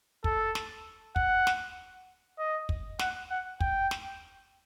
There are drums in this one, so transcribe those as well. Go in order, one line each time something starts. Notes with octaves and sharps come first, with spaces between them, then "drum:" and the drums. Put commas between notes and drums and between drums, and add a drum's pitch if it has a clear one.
A4, drum: kick
drum: snare
F#5, drum: kick
drum: snare
D#5
drum: kick
F#5, drum: snare
F#5
G5, drum: kick
drum: snare